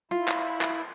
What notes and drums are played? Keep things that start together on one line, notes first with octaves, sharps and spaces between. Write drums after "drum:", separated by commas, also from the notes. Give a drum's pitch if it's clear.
E4 F4
drum: clap
drum: clap